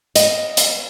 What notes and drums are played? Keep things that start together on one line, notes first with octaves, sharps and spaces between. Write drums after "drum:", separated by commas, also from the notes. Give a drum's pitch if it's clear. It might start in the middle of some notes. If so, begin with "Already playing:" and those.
D#5, drum: hi-hat
drum: hi-hat